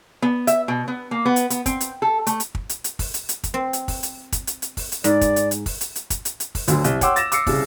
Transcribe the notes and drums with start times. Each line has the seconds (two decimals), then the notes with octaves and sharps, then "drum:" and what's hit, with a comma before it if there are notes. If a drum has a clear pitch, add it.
0.22 B3
0.47 E5, drum: hi-hat
0.68 B2
0.88 B3
1.11 A#3
1.25 B3
1.36 drum: hi-hat
1.50 B3, drum: hi-hat
1.66 C4, drum: kick, hi-hat
1.81 drum: hi-hat
2.02 A4
2.27 A3, drum: hi-hat
2.40 drum: hi-hat
2.55 drum: kick
2.69 drum: hi-hat
2.84 drum: hi-hat
2.99 drum: kick, open hi-hat
3.14 drum: hi-hat
3.29 drum: hi-hat
3.44 drum: kick, hi-hat
3.54 C4
3.73 drum: hi-hat
3.88 drum: kick, open hi-hat
4.03 drum: hi-hat
4.32 drum: kick, hi-hat
4.47 drum: hi-hat
4.62 drum: hi-hat
4.77 drum: kick, open hi-hat
4.92 drum: hi-hat
5.04 G#2 D5, drum: hi-hat
5.21 drum: kick, hi-hat
5.36 drum: hi-hat
5.51 drum: hi-hat
5.66 drum: kick, open hi-hat
5.81 drum: hi-hat
5.95 drum: hi-hat
6.10 drum: kick, hi-hat
6.25 drum: hi-hat
6.40 drum: hi-hat
6.55 drum: kick, open hi-hat
6.68 D2 D3 F#3, drum: hi-hat
6.84 C2, drum: hi-hat
7.01 C#5 F#5 G5 C6 D6 E6, drum: kick, hi-hat
7.16 A6 A#6 E7, drum: hi-hat
7.32 D6 E6 C7 C#7, drum: hi-hat
7.47 C2 C#3, drum: kick, open hi-hat